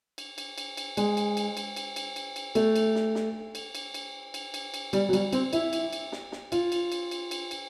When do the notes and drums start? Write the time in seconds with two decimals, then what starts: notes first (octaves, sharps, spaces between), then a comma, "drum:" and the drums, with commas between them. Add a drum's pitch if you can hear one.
0.18 drum: cymbal
0.38 drum: cymbal
0.58 drum: cymbal
0.77 drum: cymbal
0.97 G#3, drum: cymbal
1.17 drum: cymbal
1.37 drum: cymbal
1.57 drum: cymbal
1.76 drum: cymbal
1.96 drum: cymbal
2.16 drum: cymbal
2.36 drum: cymbal
2.55 A3, drum: cymbal
2.76 drum: cymbal
2.95 drum: snare
3.15 drum: snare
3.55 drum: cymbal
3.75 drum: cymbal
3.94 drum: cymbal
4.34 drum: cymbal
4.54 drum: cymbal
4.74 drum: cymbal
4.93 G3, drum: cymbal
5.09 F#3
5.13 G3, drum: cymbal
5.33 C4, drum: cymbal
5.53 E4, drum: cymbal
5.73 drum: cymbal
5.93 drum: cymbal
6.12 drum: snare
6.32 drum: snare
6.52 F4, drum: cymbal
6.72 drum: cymbal
6.92 drum: cymbal
7.11 drum: cymbal
7.31 drum: cymbal
7.51 drum: cymbal